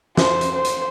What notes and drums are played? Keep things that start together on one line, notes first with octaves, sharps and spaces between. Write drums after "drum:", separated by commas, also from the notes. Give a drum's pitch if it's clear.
C5, drum: snare
drum: hi-hat
C5
drum: hi-hat